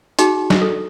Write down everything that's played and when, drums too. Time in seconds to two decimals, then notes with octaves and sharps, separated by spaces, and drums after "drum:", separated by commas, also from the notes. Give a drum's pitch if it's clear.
0.19 D#4 F#4 G#4 G5, drum: hi-hat
0.50 drum: snare
0.61 A4